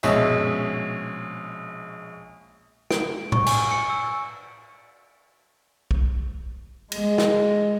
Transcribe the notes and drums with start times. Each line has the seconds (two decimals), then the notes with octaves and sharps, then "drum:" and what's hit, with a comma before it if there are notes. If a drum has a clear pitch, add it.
0.03 A#1 B2 G#3 C#4 D#5 E5, drum: tambourine
2.91 D7, drum: snare
3.32 C#6, drum: tom A2
3.46 G#5, drum: cymbal
3.71 C#7
3.90 E6
5.91 drum: kick
6.92 G#3, drum: cymbal
7.18 drum: snare